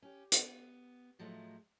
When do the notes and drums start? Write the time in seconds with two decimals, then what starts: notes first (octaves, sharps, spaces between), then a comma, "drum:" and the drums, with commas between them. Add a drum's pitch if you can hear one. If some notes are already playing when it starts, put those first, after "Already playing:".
0.02 C#4 G4
0.32 B3, drum: hi-hat
1.19 A2 F3 F#3 G#3 A3